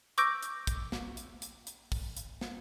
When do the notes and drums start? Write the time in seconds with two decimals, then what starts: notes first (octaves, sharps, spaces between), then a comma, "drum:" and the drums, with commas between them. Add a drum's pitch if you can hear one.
0.18 C#6 D6 E6 G6 A#6 D7, drum: hi-hat
0.43 drum: hi-hat
0.67 drum: kick, hi-hat
0.92 drum: snare
1.17 drum: hi-hat
1.42 drum: hi-hat
1.67 drum: hi-hat
1.92 drum: kick, open hi-hat
2.17 drum: hi-hat
2.41 drum: snare